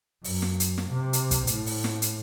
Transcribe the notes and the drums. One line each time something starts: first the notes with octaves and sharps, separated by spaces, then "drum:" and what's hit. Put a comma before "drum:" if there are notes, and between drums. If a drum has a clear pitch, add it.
F#2, drum: open hi-hat
drum: snare
drum: hi-hat
drum: snare
C3
drum: hi-hat
drum: kick, hi-hat
A2, drum: hi-hat
drum: open hi-hat
drum: snare
drum: hi-hat